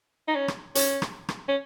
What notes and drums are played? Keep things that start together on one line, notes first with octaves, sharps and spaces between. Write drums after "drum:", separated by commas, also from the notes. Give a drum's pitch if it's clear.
D#4
C#4
drum: rim click
C#4, drum: hi-hat
drum: rim click
drum: rim click
C#4